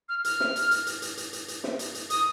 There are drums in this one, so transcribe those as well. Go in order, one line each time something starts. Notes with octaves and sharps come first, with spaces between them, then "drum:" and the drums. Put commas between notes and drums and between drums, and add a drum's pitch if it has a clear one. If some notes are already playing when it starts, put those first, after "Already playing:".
F6
F6, drum: hi-hat
drum: snare
drum: hi-hat
drum: hi-hat
drum: hi-hat
drum: hi-hat
drum: hi-hat
drum: hi-hat
drum: hi-hat
drum: snare
drum: hi-hat
drum: hi-hat
D#6, drum: hi-hat